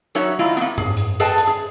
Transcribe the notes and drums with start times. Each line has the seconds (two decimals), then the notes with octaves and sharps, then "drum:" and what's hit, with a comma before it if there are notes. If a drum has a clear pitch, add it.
0.15 F#3 D#4 F#4 C#5 E5, drum: hi-hat
0.39 F#3 A3 E4 F4 D#5 A#5
0.57 A#3 B3, drum: hi-hat
0.78 G#4, drum: tom G#2
0.97 drum: hi-hat
1.20 G#4 A4 B4 D#5 G5 A5, drum: hi-hat
1.38 drum: hi-hat
1.47 G#4